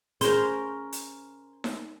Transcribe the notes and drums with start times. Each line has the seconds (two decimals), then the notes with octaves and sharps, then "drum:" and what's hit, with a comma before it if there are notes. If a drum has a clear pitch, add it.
0.21 C#4 G#4 A#4 C5, drum: hi-hat
0.92 drum: hi-hat
1.64 drum: snare D#4